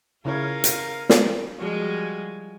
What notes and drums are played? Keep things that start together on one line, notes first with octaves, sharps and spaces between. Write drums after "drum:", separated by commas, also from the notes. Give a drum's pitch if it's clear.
C#3 C#4 E4 F4 A#4 C#5 F5
drum: hi-hat
drum: snare
F3 G3 G#3 F#4 G#5